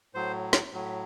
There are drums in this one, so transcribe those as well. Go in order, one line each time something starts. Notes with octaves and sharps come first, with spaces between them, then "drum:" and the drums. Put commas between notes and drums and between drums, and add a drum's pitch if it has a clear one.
A2 F#3 C5
drum: snare
A2 F#3